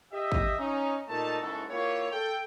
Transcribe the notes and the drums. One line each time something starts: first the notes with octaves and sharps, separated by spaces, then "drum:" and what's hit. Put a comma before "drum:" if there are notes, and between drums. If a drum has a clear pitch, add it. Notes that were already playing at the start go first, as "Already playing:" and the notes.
G4 D#5 E5
drum: kick
C#4 D#4
A#2 A3 D#4 A5
F#1 G#2 E4 F#4 A4
A#3 E4 F4 G4 C#5
A4 G5